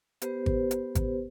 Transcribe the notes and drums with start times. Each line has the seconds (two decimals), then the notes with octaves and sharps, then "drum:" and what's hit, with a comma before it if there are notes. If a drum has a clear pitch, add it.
0.22 B3 G4 B4 C5, drum: hi-hat
0.46 drum: kick G#1
0.71 drum: hi-hat
0.95 drum: kick G#1, hi-hat